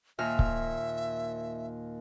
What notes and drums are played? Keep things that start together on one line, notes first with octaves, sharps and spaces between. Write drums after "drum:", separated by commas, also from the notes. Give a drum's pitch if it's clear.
D#2 A#2 E5 F6
drum: kick C#1